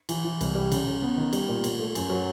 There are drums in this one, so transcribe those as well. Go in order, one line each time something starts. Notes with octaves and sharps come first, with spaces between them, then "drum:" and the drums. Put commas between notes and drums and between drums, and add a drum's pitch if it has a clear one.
E3, drum: cymbal
E3
C2, drum: cymbal
G3
C#3, drum: cymbal
C#3
B3
D#3
G3, drum: cymbal
A#2
A#2, drum: cymbal
A3
F#2, drum: cymbal
F#3